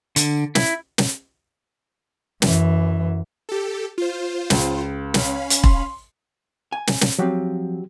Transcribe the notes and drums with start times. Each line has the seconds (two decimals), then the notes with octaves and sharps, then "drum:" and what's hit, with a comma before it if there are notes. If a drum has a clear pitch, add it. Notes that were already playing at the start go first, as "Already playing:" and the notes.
0.16 D3, drum: hi-hat
0.55 E4, drum: snare
0.98 drum: snare
2.42 F#2 E3, drum: snare
3.49 G4 A4
3.98 F4 C5
4.50 C#2, drum: snare
5.14 C#4 F5 B5, drum: snare
5.50 drum: hi-hat
5.64 C6, drum: kick E1
6.72 G#5
6.87 drum: snare
7.01 drum: snare
7.19 F3 F#3 C4 F#4 G4